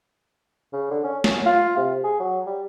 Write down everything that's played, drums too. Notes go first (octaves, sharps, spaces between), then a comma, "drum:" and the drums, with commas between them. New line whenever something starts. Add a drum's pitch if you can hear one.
C#3
D3
C#4
C#4, drum: snare
F4
C3
G#4
F#3
G3